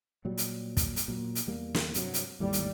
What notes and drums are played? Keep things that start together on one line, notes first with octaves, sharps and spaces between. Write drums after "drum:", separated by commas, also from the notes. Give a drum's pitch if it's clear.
A#2 F#3 G3
drum: hi-hat
drum: kick, hi-hat
drum: hi-hat
A#2 F#3
drum: hi-hat
E2 G3 A#3
drum: snare
G2 C3 F#3, drum: hi-hat
drum: hi-hat
G#1 D#2 A2 G3
drum: hi-hat